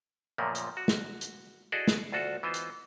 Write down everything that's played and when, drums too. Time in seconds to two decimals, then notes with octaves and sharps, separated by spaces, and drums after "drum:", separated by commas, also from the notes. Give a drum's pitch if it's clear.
0.38 F#2 A#2 C#3 F3 A3 A#3
0.55 drum: hi-hat
0.77 F#4
0.88 drum: snare
1.21 drum: hi-hat
1.72 E4 F#4 G#4 A4 D5 D#5
1.88 drum: snare
2.12 D2 F4 F#4 A4
2.43 E3 B3 F4 C5 D#5
2.54 drum: hi-hat